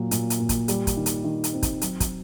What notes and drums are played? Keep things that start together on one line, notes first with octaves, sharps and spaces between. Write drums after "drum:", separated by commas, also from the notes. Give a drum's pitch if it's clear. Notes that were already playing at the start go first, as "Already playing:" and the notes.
Already playing: A#2 F#3
A#2, drum: hi-hat
drum: hi-hat
A#2
drum: kick, hi-hat
G3, drum: hi-hat
drum: kick, hi-hat
D#3
drum: hi-hat
D#3
drum: hi-hat
C4
drum: kick, hi-hat
F#3, drum: hi-hat
drum: kick, hi-hat